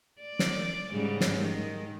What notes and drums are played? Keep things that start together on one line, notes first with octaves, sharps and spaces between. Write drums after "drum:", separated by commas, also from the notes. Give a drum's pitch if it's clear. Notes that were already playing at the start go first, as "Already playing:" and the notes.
D5
drum: snare
G#2 C#3 G3
drum: snare
D#3 G#3